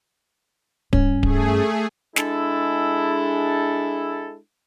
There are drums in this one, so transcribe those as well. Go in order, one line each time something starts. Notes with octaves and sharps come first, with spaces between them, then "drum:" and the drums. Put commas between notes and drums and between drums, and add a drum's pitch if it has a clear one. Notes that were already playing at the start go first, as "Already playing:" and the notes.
G2 C#4, drum: kick D1
A3 G#4, drum: kick D1
G#3 D4 E4 A4, drum: snare